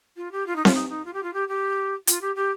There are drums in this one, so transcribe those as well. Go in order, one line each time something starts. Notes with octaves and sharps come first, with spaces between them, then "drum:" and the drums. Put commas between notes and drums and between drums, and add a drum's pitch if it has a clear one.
F4
G4
F4
D#4
F4, drum: snare C4
D#4
D#4
F4
G4
F4
G4
G4
F4, drum: hi-hat
G4
G4